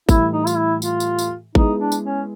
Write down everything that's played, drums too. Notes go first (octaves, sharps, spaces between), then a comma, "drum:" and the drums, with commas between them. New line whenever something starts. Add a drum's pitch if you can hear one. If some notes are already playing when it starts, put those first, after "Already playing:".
A2 E3 G3 E4, drum: kick G#1, tambourine
D#4
F4, drum: tambourine
E4
F4, drum: tambourine
drum: tambourine
drum: tambourine
G#3 B3 D#4 E4 G#4, drum: kick G#1
D4
drum: tambourine
C#4